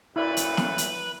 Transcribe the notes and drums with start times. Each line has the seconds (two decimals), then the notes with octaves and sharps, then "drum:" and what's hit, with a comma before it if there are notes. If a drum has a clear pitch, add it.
0.16 F#2 A#2 A3 E4 B4 D5 B5
0.37 drum: hi-hat
0.57 drum: snare
0.78 drum: hi-hat